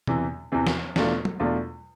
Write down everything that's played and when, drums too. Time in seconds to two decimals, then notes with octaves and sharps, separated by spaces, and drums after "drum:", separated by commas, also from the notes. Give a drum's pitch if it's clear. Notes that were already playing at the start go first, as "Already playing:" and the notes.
0.07 E2 C3 E3, drum: tom
0.52 E2 C3 E3
0.67 drum: snare
0.96 E2 B2 A3 D4 F4, drum: snare
1.25 drum: tom F#3
1.40 E2 B2 A3 D4 F4